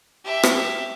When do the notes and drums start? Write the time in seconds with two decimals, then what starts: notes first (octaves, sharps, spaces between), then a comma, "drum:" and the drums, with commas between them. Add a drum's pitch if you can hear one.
0.24 G4 E5
0.43 drum: rim click